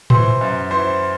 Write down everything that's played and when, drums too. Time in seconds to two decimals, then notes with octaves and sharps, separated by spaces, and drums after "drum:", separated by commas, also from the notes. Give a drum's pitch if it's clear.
0.10 E3 C5, drum: tom A2
0.41 F#2
0.70 E3 C5